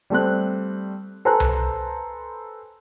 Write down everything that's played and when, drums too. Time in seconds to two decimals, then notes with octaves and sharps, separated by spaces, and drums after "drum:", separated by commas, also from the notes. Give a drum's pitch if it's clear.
0.10 G3 A3 C4 F#6
1.25 A4 B4 C5 G#5 A#5 F#6
1.40 drum: tom C2